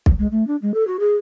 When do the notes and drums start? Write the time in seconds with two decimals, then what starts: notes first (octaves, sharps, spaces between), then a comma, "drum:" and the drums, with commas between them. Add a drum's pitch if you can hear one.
0.06 drum: kick
0.19 G#3
0.31 A3
0.47 D4
0.62 G#3
0.74 A4
0.87 F#4
0.99 G#4